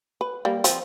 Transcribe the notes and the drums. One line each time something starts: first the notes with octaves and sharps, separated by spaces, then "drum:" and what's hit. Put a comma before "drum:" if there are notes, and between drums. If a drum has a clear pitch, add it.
B4
G3 A#3
F3 C4, drum: hi-hat